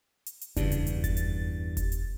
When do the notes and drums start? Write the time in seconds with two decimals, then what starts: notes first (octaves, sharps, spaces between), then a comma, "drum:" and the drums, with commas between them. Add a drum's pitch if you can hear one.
0.26 drum: hi-hat
0.41 drum: hi-hat
0.56 E2 G2 C#3 G3 D4, drum: kick F1, hi-hat
0.72 drum: hi-hat
0.87 drum: hi-hat
1.04 A6, drum: kick F1, hi-hat
1.17 drum: hi-hat
1.77 drum: kick F1, hi-hat
1.92 drum: hi-hat